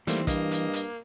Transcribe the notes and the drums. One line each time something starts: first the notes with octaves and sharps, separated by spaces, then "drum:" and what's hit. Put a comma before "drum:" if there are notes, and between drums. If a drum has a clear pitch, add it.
D#2 E3 G3 A3 A#3 C4, drum: hi-hat
G2 A#3 D#5, drum: kick, hi-hat
drum: hi-hat
drum: hi-hat